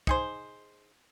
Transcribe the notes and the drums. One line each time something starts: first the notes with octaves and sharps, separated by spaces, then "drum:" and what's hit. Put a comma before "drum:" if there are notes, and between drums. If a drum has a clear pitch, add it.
D#4 G#4 C5, drum: kick